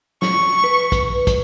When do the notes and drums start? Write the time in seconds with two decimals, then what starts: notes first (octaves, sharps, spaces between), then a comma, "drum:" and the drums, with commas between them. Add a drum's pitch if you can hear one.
0.22 C#6, drum: snare
0.64 B4
0.92 drum: kick, hi-hat
1.27 drum: kick, hi-hat